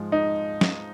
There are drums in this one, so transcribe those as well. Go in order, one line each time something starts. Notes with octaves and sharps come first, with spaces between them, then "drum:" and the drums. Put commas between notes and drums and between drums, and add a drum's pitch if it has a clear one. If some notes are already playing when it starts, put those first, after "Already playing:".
Already playing: G#2 F3 G#3
D#4
drum: snare